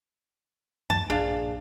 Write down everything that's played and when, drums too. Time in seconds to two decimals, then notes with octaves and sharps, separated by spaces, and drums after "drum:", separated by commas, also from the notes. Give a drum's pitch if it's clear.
0.90 A5, drum: tom G2
1.10 A#1 D4 G#4 F5